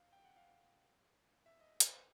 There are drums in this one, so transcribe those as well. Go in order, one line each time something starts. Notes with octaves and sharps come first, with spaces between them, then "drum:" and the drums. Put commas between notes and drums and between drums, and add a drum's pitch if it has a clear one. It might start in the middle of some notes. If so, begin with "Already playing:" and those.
Already playing: F5
G5
F#5
F5
E5
D#5
B4, drum: hi-hat
C5